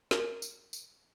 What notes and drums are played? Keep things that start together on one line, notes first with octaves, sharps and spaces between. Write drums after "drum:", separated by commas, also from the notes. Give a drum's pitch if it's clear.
A#4, drum: snare
drum: tambourine
drum: tambourine